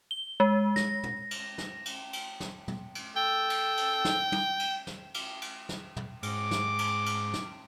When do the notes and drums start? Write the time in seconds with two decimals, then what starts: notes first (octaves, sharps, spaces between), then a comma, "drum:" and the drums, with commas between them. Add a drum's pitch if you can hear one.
0.11 G7
0.40 G#3
0.76 A#6, drum: snare
1.03 drum: tom
1.31 drum: cymbal
1.58 drum: snare
1.86 drum: cymbal
2.13 drum: cymbal
2.40 drum: snare
2.68 drum: tom
2.95 drum: cymbal
3.17 A4 G5
3.50 drum: cymbal
3.77 drum: cymbal
4.05 drum: snare
4.32 drum: tom
4.59 drum: cymbal
4.87 drum: snare
5.14 drum: cymbal
5.42 drum: cymbal
5.69 drum: snare
5.96 drum: tom
6.23 G#2 D6, drum: cymbal
6.51 drum: snare
6.79 drum: cymbal
7.06 drum: cymbal
7.33 drum: snare